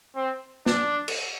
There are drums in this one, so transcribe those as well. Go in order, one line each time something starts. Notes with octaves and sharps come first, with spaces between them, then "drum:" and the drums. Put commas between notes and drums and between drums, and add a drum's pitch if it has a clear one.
C4
D4, drum: snare
drum: cymbal